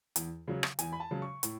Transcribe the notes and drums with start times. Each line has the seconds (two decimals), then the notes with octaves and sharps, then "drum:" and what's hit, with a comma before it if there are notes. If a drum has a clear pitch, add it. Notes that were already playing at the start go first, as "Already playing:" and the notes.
0.16 E2, drum: hi-hat
0.48 C#3 F#3
0.63 drum: rim click
0.79 E2 G#5, drum: hi-hat
0.92 B5
1.00 A5
1.11 C#3 F#3
1.22 C#6
1.43 A2, drum: hi-hat